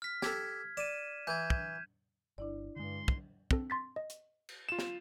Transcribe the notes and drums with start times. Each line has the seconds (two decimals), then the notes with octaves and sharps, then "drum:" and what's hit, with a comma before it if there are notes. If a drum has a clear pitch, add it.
0.02 F6 B6
0.22 G4 A4 G#6, drum: snare
0.77 D5 D#7 E7
1.27 E3 G6 G#6
1.50 drum: kick
2.38 G1 D4 E4 D5
2.76 G2 D3 G#3 C6
3.08 drum: kick
3.51 C4 A4, drum: kick
3.70 C6 A6 B6
3.96 D#5
4.10 drum: hi-hat
4.49 drum: cymbal
4.69 F4 E7
4.79 drum: snare